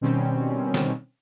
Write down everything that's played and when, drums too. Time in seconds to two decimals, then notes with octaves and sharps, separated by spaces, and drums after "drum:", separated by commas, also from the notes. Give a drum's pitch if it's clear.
0.01 B2 D#3 G3 C4 C#4
0.74 drum: snare